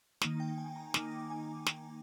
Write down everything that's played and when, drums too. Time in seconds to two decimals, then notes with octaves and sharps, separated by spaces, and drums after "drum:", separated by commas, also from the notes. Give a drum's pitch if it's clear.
0.22 D#3 A#3 D#4, drum: snare
0.40 G5
0.58 G#5
0.76 A#5
0.94 D#3 A#3 D#4 D6, drum: snare
1.30 G#5
1.66 drum: snare